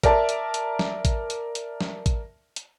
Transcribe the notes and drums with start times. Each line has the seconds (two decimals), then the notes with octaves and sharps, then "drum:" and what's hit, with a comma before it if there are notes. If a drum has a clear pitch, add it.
0.03 A#4 D5 E5 A5, drum: kick A1, hi-hat
0.29 drum: hi-hat
0.54 drum: hi-hat
0.79 drum: snare
1.05 drum: kick A1, hi-hat
1.30 drum: hi-hat
1.55 drum: hi-hat
1.81 drum: snare
2.06 drum: kick A1, hi-hat
2.56 drum: hi-hat